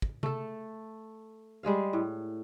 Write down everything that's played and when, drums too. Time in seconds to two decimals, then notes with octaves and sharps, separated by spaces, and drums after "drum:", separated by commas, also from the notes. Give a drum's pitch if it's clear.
0.02 drum: kick
0.23 A3 A4, drum: tom C3
1.63 G3 G#3 G#4 F5
1.93 A2